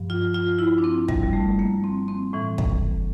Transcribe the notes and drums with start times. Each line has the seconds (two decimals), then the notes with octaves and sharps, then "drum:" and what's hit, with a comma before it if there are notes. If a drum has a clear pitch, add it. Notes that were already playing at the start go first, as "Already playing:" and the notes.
Already playing: G2 F3
0.10 F4
0.34 F4
0.59 E4
0.78 D4
0.84 C4
1.08 G3, drum: kick
1.23 G3
1.33 A3
1.59 A#3
1.84 C4
2.08 C4
2.33 A2 E3
2.58 drum: kick